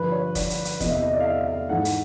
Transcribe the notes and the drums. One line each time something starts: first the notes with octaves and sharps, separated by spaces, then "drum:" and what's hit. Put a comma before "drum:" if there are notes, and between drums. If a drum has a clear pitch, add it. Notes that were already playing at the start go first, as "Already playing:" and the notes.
Already playing: G2 D3 F3 B4
C#5
D5, drum: kick F1, hi-hat
drum: hi-hat
drum: hi-hat
E2 C3 E3 D#5, drum: kick F1, hi-hat
E5
D#5
D5
F5
E5
F5
G#2 E3 G#3 F#5
drum: hi-hat